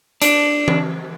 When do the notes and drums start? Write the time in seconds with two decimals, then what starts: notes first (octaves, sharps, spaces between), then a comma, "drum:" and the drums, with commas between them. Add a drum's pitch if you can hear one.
0.22 D4, drum: hi-hat
0.68 drum: tom E3